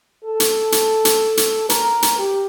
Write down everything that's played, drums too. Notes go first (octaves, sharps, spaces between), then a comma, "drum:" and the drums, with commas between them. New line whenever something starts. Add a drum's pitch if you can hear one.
A4
drum: hi-hat
drum: hi-hat
drum: hi-hat
drum: hi-hat
A#4, drum: hi-hat
drum: hi-hat
G4